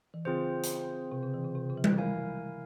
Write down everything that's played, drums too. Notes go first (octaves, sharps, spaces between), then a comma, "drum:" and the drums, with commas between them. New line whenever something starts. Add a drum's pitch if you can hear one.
E3
C#3 C4 F4 G#4 C5
drum: hi-hat
C3
C#3
E3
C#3
C3
C#3
F3
E3, drum: tom G3
G#3 E4 A#4 F5 G#5